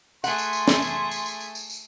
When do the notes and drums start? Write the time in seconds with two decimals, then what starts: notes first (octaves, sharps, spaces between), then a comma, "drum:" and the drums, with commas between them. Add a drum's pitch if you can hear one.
0.24 A3 G#4 F#5 C6, drum: tambourine
0.38 drum: tambourine
0.53 drum: tambourine
0.68 drum: snare
0.82 drum: tambourine
1.11 drum: tambourine
1.26 drum: tambourine
1.40 drum: tambourine
1.55 drum: tambourine
1.70 drum: tambourine